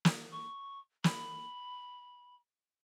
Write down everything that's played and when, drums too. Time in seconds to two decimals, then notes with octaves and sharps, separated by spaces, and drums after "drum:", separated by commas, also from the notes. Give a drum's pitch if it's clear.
0.05 drum: snare
0.32 C#6
1.04 B5, drum: snare